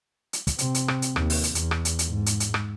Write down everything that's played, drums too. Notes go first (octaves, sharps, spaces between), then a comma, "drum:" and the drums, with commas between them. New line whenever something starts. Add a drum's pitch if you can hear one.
drum: hi-hat
drum: kick, hi-hat
C3 C4, drum: hi-hat
drum: hi-hat
drum: rim click
drum: hi-hat
D#2, drum: rim click
drum: open hi-hat
drum: hi-hat
E2, drum: hi-hat
drum: rim click
drum: hi-hat
drum: hi-hat
G#2
drum: hi-hat
drum: hi-hat
drum: rim click